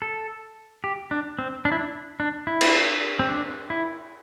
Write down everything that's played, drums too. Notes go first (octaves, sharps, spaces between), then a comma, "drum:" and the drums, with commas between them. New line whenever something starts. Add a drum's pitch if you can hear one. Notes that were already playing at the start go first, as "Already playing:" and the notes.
A4
G4
D4
C4
D4
E4
D4
D4
E4
drum: cymbal
C4
D4
E4